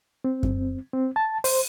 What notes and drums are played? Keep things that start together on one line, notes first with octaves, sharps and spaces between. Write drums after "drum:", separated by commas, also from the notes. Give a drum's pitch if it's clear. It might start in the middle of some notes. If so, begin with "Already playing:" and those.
C4
drum: kick F#2
C4
A5
C5, drum: open hi-hat